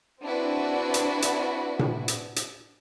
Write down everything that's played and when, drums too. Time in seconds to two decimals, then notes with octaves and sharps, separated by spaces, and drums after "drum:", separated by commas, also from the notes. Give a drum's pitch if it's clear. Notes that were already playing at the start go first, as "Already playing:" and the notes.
0.23 C4 D4 E4 F#4 B4
0.94 drum: hi-hat
1.22 drum: hi-hat
1.79 drum: tom A#2
2.08 drum: hi-hat
2.36 drum: hi-hat